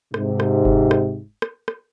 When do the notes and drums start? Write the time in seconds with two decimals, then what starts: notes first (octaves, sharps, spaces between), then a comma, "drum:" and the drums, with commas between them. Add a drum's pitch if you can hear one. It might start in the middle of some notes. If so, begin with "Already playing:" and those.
0.14 G#2 C3, drum: rim click
0.40 drum: rim click
0.65 drum: kick F#1
0.91 drum: rim click
1.42 drum: rim click
1.68 drum: rim click